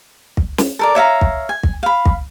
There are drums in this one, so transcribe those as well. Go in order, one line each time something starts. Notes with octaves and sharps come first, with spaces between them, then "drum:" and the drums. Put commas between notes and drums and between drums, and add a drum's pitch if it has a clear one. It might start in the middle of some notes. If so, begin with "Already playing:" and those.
drum: kick
drum: snare
A4 A#4 D5
C#5 E5 F5 A#5
drum: kick
G#5
drum: kick
F5 B5
drum: kick